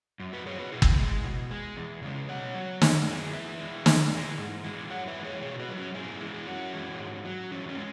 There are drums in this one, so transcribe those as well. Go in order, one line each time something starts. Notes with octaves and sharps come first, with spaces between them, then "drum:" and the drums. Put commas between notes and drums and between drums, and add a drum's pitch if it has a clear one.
F#2
F#4 B4
F#3 G#4 C#5
F#4 B4
B2 E4 G#4
drum: kick
G#3
B2
G#3
E2
C#3 G#3
B2 C#5 F#5
F#3
F#2, drum: snare
E3 G#3
E2 B4 E5
E3 G#3
E2, drum: snare
E3 G#3
G#2
E3 G#3
F#2 C#5 F#5
B4 E5
E3 G#3
G#4 C#5
B2 G#4 C#5
F#4 B4
F#3
C#4 F#4
G#2 E4 G#4
E3 G#3
F#2 C#4 F#4
E3 G#3
G#2
F#3
E2 C#4
C#4
G#3